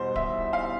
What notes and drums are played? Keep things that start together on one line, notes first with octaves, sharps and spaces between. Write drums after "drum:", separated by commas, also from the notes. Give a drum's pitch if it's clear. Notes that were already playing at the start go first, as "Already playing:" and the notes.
Already playing: E2 B2 G3 C5
E5, drum: kick D1
F5